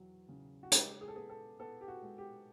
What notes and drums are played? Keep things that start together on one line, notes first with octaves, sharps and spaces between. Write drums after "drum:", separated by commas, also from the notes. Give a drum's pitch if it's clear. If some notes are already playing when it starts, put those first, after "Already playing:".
Already playing: E2 F#3
C#3
F#4
G#3 G4, drum: hi-hat
G#4
A4
B3 G#4
A4
B3 A4
G4
F#4
G#3
G4